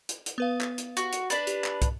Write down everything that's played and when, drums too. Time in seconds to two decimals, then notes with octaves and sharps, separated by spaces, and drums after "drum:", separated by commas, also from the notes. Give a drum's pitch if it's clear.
0.09 drum: hi-hat
0.26 drum: hi-hat
0.38 B3 B4 F5
0.61 drum: clap
0.78 drum: hi-hat
0.97 F#4, drum: hi-hat
1.13 drum: hi-hat
1.30 D4 B4 A6 B6, drum: hi-hat
1.47 G4, drum: hi-hat
1.64 drum: clap
1.82 drum: kick, hi-hat